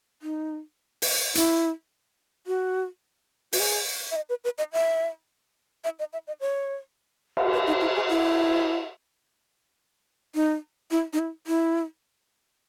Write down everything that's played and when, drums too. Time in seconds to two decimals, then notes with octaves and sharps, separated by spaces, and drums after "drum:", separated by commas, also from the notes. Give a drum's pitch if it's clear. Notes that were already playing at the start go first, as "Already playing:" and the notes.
0.22 D#4
1.02 drum: open hi-hat
1.35 E4, drum: hi-hat
2.47 F#4
3.53 F#4, drum: open hi-hat
3.60 G#4
4.11 E5
4.16 D#5
4.29 B4
4.44 B4
4.58 D#5
4.73 E5
5.84 E5
5.99 D#5
6.13 E5
6.27 D#5
6.41 C#5
7.37 drum: cymbal
7.53 B4
7.67 D#4
7.81 E4
7.95 G#4
8.09 E4
10.35 D#4
10.91 E4
11.13 D#4
11.19 E4
11.47 E4